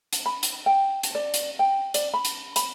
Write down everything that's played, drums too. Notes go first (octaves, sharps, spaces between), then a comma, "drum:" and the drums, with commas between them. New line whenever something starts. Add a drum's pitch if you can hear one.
drum: hi-hat
B5
drum: hi-hat
G5
drum: hi-hat
D5
drum: hi-hat
G5
D5, drum: hi-hat
B5
drum: hi-hat
B5, drum: hi-hat